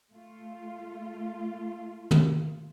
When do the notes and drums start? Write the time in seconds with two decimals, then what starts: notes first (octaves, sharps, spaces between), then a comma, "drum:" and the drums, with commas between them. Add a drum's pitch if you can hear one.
0.10 A3 F4
2.11 drum: tom